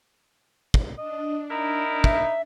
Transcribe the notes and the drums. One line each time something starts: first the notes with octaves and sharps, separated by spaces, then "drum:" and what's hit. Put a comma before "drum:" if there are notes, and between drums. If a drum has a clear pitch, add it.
drum: kick
D4 D#5
D#4 E4 A#4
E5, drum: kick